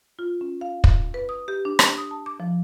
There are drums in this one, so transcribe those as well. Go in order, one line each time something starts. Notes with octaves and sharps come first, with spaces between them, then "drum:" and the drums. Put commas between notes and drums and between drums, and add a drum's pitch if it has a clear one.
F4
C#4
F5
drum: kick
B4
D#6
G4
D4
drum: rim click
D#6
A5
D6
F3